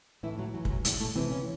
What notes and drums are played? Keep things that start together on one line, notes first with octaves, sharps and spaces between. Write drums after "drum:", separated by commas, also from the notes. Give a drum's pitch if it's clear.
A2 E3 E4
F#3
E3 F#3
G#3, drum: kick
F#3
A2 G#3, drum: hi-hat
A2 A3
C3 E3 C4
C#3 C#4